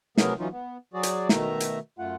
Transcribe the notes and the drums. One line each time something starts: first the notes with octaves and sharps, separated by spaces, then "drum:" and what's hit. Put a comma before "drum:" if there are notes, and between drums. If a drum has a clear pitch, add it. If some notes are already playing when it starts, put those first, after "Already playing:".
C3 F#3 A3 B3 G#4 A#4, drum: snare
E3 F#3 C#4 D#4 F4
B3
F#3 F#4 G#4 D5
drum: hi-hat
B2 D#3 A3 E5 A#5, drum: snare
drum: hi-hat
F#2 A3 F4 F#5